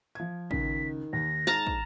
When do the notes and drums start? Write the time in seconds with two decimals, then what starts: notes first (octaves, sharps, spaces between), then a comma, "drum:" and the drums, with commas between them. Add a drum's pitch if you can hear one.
0.15 F3 G#6
0.51 C#2 D#3 B6, drum: kick
1.13 D#2 A#6
1.47 G#2 A5 A#5 F6
1.67 drum: kick